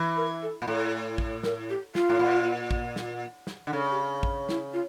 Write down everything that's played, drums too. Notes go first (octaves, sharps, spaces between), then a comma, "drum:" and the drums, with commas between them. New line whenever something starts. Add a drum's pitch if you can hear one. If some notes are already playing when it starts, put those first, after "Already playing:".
Already playing: E3
A#4
A4
A#2
A2 A4
drum: kick
A#4, drum: snare
G4
F4, drum: snare
A2
A#2
drum: kick
drum: snare
drum: snare
D3
C#3 A4
G4
drum: kick
E4, drum: snare
F4